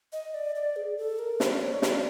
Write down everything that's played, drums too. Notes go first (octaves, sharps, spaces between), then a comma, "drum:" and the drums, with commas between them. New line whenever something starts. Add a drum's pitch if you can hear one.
D#5
D5
D5
G#4
A4
A#4
C5, drum: snare
D5
C#5
drum: snare
D5